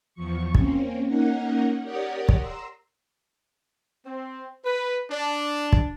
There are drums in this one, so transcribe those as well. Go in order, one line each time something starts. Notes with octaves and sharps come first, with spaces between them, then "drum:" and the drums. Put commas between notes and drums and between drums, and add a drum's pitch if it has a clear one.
E2 F3 C#6
A#3 C4 C#4, drum: kick
A#3 C#4 D#4 A#4 F#5
G4 A#4 C#5 D5 F#5 D#6
drum: kick
A#5 C6 E6
C4
B4
D4
drum: kick